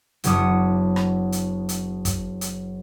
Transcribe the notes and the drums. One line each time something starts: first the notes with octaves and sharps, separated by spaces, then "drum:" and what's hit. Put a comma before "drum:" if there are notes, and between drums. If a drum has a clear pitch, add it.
F#1 B2 E3 D4 D#6 C#7, drum: hi-hat
drum: rim click
drum: hi-hat
drum: hi-hat
drum: kick, hi-hat
drum: hi-hat